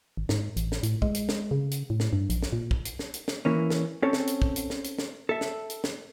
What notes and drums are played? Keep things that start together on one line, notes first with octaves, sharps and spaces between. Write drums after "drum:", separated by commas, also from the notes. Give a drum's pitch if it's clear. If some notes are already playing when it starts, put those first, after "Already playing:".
G#1
G#2, drum: snare
A1, drum: hi-hat
drum: snare
A2, drum: hi-hat
G#3, drum: kick
drum: hi-hat
drum: snare
C#3
drum: hi-hat
A2
drum: snare
G2
A#1, drum: hi-hat
drum: snare
A#2
drum: kick
drum: hi-hat
drum: snare
drum: hi-hat
drum: snare
E3 A#3 C#4
drum: snare
C4 C#4 A4 C#5
drum: snare
drum: hi-hat
drum: kick
drum: hi-hat
drum: snare
drum: hi-hat
drum: snare
A4 E5
drum: snare
drum: hi-hat
drum: snare